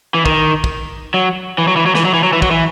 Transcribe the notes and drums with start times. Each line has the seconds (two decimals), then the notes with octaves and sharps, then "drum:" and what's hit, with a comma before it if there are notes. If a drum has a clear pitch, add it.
0.14 E3
0.26 D#3, drum: kick
0.64 drum: kick
1.14 F#3
1.58 E3
1.68 F#3
1.76 E3
1.86 F#3
1.95 E3, drum: snare
2.05 F#3
2.14 E3
2.23 F#3
2.33 E3
2.42 F#3, drum: kick
2.51 E3